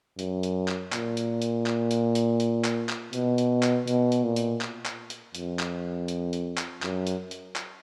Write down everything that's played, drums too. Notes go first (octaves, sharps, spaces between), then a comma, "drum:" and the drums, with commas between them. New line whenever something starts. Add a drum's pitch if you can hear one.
F#2, drum: hi-hat
drum: hi-hat
drum: clap
A#2, drum: clap
drum: hi-hat
drum: hi-hat
drum: clap
drum: hi-hat
drum: hi-hat
drum: hi-hat
drum: clap
drum: clap
B2, drum: hi-hat
drum: hi-hat
drum: clap
B2, drum: hi-hat
drum: hi-hat
A#2
drum: hi-hat
drum: clap
drum: clap
drum: hi-hat
F2, drum: hi-hat
drum: clap
drum: hi-hat
drum: hi-hat
drum: clap
F#2, drum: clap
drum: hi-hat
drum: hi-hat
drum: clap